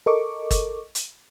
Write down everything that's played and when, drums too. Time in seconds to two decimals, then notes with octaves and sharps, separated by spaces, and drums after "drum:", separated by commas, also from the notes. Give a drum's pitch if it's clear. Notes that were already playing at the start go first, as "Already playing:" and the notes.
0.06 A4 A#4 D#5 C#6 D6
0.51 drum: kick, hi-hat
0.95 drum: hi-hat